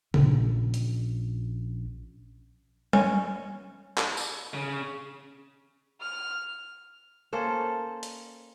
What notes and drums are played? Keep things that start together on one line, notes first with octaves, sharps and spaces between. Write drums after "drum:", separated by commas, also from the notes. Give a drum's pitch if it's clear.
A#1 C#4, drum: tom C#3
drum: hi-hat
C#4, drum: tom G3
drum: clap
drum: tambourine
C#3
F6
A#3 C#4 A4 C5
drum: hi-hat